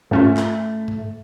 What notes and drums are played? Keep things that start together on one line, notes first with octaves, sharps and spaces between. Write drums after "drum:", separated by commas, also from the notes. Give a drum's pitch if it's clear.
G#2 A3 C#4 F4
drum: clap
drum: tom G2